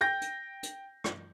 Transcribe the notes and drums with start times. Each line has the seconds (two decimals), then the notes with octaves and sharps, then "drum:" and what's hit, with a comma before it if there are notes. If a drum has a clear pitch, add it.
0.01 G5 G6 A#6
0.21 drum: hi-hat
0.63 drum: hi-hat
1.04 drum: rim click